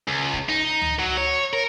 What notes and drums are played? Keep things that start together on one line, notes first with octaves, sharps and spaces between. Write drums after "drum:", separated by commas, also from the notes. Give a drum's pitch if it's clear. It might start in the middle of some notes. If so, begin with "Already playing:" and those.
C#2
drum: kick
D#4
drum: tom C#2
F#3
C#5
A#4